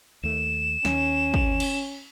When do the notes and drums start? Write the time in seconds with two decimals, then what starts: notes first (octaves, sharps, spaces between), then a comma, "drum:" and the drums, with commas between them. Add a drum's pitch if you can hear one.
0.23 D#2 A3 E7
0.85 D#2 C#4, drum: snare
1.34 drum: kick
1.60 drum: cymbal